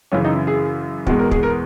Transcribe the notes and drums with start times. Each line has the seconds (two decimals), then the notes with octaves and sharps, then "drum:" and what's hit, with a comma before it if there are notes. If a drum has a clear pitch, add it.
0.12 F#2 C#3 E3 C#4
0.25 D#4
0.36 E4
0.47 G#4
1.07 E2 B2 G#3 F#4, drum: kick
1.19 A#4
1.31 G#4, drum: kick
1.43 A#4